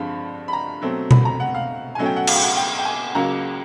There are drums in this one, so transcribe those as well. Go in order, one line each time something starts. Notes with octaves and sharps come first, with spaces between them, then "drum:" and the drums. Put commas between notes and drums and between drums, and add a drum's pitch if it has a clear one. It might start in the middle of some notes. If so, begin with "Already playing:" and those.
Already playing: G2 D3 F3 G#3 C4 B5
B5
A#5
B2 F#3 A3 C4
B5, drum: tom B2
A#5
F#5
F5
B2 F#3 A3 C#4 G#5
G5
F#5
F5, drum: cymbal
G5
F#5
G5
G5
G#5
C#2 C#3 F#3 A#3 A#5